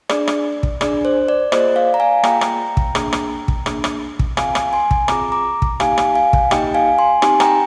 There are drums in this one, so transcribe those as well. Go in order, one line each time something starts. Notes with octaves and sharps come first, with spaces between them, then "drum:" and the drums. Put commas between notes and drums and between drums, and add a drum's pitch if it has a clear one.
D4 G#4 D5, drum: rim click
drum: rim click
drum: kick
D4 G#4 D5, drum: rim click
C5
D5
A#3 F4 G#4 C5 D#5, drum: rim click
D5 F5
A#5
F5 G#5
A#3 F4 G#4 G5 A#5, drum: rim click
drum: rim click
drum: kick
A#3 D4 G#4, drum: rim click
drum: rim click
drum: kick
A#3 D4 G#4, drum: rim click
drum: rim click
drum: kick
C4 F4 G#4 F5 G#5, drum: rim click
drum: rim click
G#5 C6
drum: kick
C4 F4 G#4 A#5 D6, drum: rim click
A#5 D6
drum: kick
A#3 D#4 G4 F5 G#5, drum: rim click
drum: rim click
F5 G#5
drum: kick
A#3 D#4 G4 D#5 G5, drum: rim click
F5 G#5
G#5 C6
C4 D#4 G4 G#5 C6, drum: rim click
G5 A#5, drum: rim click